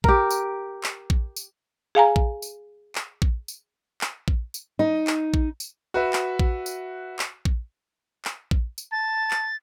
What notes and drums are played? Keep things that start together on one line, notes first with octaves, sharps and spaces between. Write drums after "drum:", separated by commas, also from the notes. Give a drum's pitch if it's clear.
G4 A#4, drum: kick A#1
drum: tambourine
drum: clap
drum: kick A#1
drum: tambourine
G#4 F5 G#5 A#5
drum: kick A#1
drum: tambourine
drum: clap
drum: kick A#1
drum: tambourine
drum: clap
drum: kick A#1
drum: tambourine
D#4
drum: clap
drum: kick A#1
drum: tambourine
F#4 B4 E5
drum: clap
drum: kick A#1
drum: tambourine
drum: clap
drum: kick A#1
drum: clap
drum: kick A#1
drum: tambourine
A5 A6
drum: clap